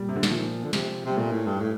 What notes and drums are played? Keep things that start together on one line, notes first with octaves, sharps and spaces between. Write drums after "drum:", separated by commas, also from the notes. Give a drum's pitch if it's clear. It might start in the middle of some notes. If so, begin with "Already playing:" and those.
Already playing: A#2 G3
C3
D3
D#3, drum: snare
F3
D3
C3, drum: snare
C3 G3
A#2 A3
A2
G2
A2